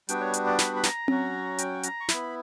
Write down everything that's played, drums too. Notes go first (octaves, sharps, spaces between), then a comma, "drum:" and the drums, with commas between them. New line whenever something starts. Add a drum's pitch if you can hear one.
G3 B3 D4 F#4 G5, drum: hi-hat
C#5
drum: hi-hat
D5
B5, drum: snare
B5
A#5, drum: snare
F#3 C#4 F#4, drum: tom C4
G5, drum: hi-hat
A#5, drum: hi-hat
C#6
B3 E4 B5, drum: snare